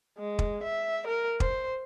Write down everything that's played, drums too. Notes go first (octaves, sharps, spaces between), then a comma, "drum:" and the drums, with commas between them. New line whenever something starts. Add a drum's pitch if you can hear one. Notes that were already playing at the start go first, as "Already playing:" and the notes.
G#3
drum: kick
E5
A#4
C5, drum: kick